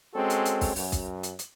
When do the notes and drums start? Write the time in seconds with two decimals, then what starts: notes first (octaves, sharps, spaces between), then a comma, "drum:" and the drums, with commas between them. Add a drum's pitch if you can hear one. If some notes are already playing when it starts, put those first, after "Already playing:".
0.14 G#3 C4 C#4 F#4 A4
0.30 drum: hi-hat
0.46 drum: hi-hat
0.61 drum: kick, open hi-hat
0.76 F#2, drum: open hi-hat
0.92 drum: kick, hi-hat
1.23 drum: hi-hat
1.39 drum: hi-hat